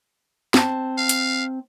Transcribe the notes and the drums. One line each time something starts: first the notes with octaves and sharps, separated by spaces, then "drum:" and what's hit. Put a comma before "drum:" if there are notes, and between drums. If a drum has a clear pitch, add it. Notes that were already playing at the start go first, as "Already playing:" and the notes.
C4 A5, drum: snare
F5
drum: hi-hat